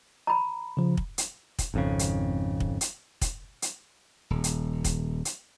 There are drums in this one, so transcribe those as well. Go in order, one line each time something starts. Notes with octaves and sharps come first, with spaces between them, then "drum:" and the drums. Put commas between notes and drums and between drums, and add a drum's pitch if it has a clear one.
A#5 B5
C#3 F3
drum: kick
drum: hi-hat
drum: kick, hi-hat
G#1 F2 C#3
drum: hi-hat
drum: kick
drum: hi-hat
drum: kick, hi-hat
drum: hi-hat
D#1
drum: hi-hat
drum: kick, hi-hat
drum: hi-hat